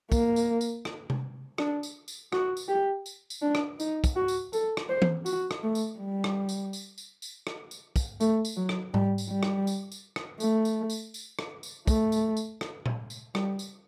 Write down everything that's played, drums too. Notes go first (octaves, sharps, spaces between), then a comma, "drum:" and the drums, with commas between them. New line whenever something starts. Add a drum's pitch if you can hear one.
A#3, drum: kick, tambourine
drum: tambourine
drum: tambourine
drum: rim click
drum: tom C3
D4, drum: rim click
drum: tambourine
drum: tambourine
F#4, drum: rim click
drum: tambourine
G4
drum: tambourine
drum: tambourine
D4
drum: rim click
D#4, drum: tambourine
drum: kick, tambourine
F#4
drum: tambourine
A4, drum: tambourine
drum: rim click
C5
drum: tom E3
F#4, drum: tambourine
drum: rim click
A3
drum: tambourine
G3
drum: rim click
drum: tambourine
drum: tambourine
drum: tambourine
drum: tambourine
drum: rim click
drum: tambourine
drum: kick, tambourine
A3, drum: tambourine
drum: tambourine
F#3
drum: rim click
G3, drum: tom G#2
drum: tambourine
G3
drum: rim click
drum: tambourine
drum: tambourine
drum: rim click
A3, drum: tambourine
drum: tambourine
drum: tambourine
drum: tambourine
drum: rim click
drum: tambourine
A3, drum: kick, tambourine
drum: tambourine
drum: tambourine
drum: rim click
drum: tom A#2
drum: tambourine
G3, drum: rim click
drum: tambourine